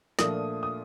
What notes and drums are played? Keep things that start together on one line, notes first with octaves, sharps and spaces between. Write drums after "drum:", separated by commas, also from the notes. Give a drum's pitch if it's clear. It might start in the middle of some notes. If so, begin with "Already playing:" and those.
A#2 F3 A3 D4 F4 D#6, drum: snare
D#6